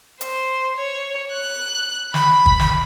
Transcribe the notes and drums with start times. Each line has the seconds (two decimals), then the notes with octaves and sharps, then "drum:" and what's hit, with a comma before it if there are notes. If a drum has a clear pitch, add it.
0.21 C5, drum: hi-hat
0.76 C#5
1.33 F#6
2.14 B5, drum: snare
2.46 drum: kick
2.59 drum: snare